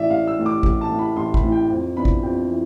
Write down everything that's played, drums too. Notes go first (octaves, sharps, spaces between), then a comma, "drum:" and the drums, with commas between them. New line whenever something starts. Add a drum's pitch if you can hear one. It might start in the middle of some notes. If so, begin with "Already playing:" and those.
Already playing: A1 A2 E3 D5 E5
A1 F5
E6
A2 E3
D6
A1, drum: kick A1
A5
A2 E3
B5
A1 C6
B5, drum: kick A1
A2 E3
G5
F2
E3 B3 D4 B5
drum: kick A1
F2 G5
E3